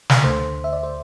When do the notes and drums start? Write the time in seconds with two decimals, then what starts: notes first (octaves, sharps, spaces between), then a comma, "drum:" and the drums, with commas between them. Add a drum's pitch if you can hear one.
0.10 drum: snare
0.24 D2 D3 A3 C5
0.64 E5
0.73 D5
0.83 C5